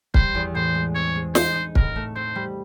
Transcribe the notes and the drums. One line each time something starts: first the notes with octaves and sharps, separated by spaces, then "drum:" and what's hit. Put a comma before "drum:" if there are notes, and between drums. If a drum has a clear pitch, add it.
G3 C5, drum: kick
E2
A2 C5
G#3
C4 C#5
G#3
D#4 C5, drum: snare
D#4
A2 A#4, drum: kick
A3
C4 C5
G3